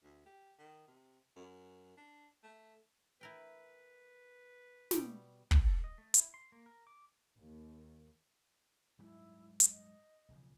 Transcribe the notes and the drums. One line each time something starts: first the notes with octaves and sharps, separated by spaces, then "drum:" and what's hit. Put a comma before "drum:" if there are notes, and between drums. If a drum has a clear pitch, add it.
D2
G4
D#3
C3
F#2
D4
A3
E4 A#4 B4 G5
B2 G3 G5, drum: snare
G5, drum: kick
A4
D#5
A3
E4, drum: hi-hat
C6
A#3
A#4
D6
D#2
G#2 F#3 G3 E4
drum: hi-hat
D#5
B1 C#3 F3